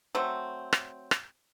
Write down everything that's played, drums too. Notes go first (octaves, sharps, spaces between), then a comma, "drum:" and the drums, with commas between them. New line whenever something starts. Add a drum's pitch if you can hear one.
F#3 A3 C4
drum: rim click
drum: rim click